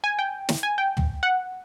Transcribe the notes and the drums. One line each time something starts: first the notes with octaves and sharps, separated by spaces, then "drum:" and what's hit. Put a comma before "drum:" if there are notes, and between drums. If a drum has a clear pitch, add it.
G#5
G5
drum: snare
G#5
G5
drum: tom
F#5